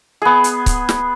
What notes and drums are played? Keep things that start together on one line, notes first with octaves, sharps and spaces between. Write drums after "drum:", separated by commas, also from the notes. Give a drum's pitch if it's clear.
B3 G#4
drum: hi-hat
drum: kick C#1, hi-hat
drum: snare